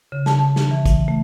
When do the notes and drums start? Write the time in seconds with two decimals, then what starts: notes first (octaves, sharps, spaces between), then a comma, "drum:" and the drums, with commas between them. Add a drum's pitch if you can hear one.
0.12 C#3
0.26 A5, drum: snare
0.39 A5
0.56 drum: snare
0.71 E3
0.85 drum: kick, hi-hat
1.08 A3